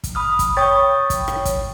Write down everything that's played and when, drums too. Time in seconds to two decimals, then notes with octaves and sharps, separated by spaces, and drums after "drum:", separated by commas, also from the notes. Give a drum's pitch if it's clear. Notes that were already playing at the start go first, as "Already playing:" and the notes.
0.04 drum: kick, hi-hat
0.15 B5 D#6 F6
0.39 drum: kick, hi-hat
0.57 C#5 G5 B5 C#6 D#6 A6
1.10 drum: kick, hi-hat
1.28 drum: rim click
1.45 drum: kick, hi-hat